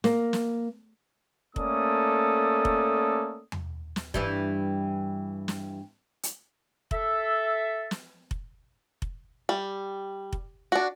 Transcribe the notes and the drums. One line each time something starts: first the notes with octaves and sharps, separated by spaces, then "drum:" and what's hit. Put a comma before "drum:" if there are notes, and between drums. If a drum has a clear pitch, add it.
A#3, drum: snare
drum: snare
A3 A#3 C#4 A4 D5 D#6, drum: kick F1
drum: kick F1
drum: tom E2
drum: snare
G2 E3 G3, drum: kick F1
drum: snare
drum: hi-hat
A4 E5, drum: kick F1
drum: snare
drum: kick F1
drum: kick F1
G3
drum: kick F1
D4 F#4